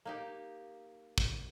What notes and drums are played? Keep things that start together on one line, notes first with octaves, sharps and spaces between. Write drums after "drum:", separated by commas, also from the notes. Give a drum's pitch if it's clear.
A#3 D#4 G4
drum: kick